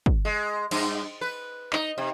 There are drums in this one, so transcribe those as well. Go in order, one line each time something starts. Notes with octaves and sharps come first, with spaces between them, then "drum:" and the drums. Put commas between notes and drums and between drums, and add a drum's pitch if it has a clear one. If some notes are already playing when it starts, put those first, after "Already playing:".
drum: kick
G#3
G2, drum: cymbal
B4
D#4, drum: clap
C3